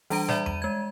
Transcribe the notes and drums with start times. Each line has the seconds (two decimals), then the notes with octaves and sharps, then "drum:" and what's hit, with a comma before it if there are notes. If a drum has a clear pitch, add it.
0.10 E3 G3 D4 A#5 D7, drum: open hi-hat
0.28 G3 D5 E5 B5, drum: snare
0.46 D#7, drum: tom E2
0.62 G#3 G#6